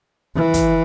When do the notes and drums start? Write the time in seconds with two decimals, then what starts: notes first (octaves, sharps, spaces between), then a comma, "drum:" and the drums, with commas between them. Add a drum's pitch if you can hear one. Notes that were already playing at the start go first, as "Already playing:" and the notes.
0.36 E3
0.54 drum: kick, hi-hat